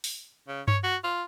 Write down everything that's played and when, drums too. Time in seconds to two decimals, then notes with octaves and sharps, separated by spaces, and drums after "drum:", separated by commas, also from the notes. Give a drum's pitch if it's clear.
0.04 drum: open hi-hat
0.48 C#3
0.68 C#5, drum: tom G2
0.83 F#4
1.04 F4